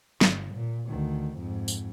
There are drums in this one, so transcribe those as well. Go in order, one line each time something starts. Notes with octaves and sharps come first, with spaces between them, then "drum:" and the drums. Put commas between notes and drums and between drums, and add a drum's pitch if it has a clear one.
G1, drum: snare
A#2
D2 D#3
F2 G#2
drum: tambourine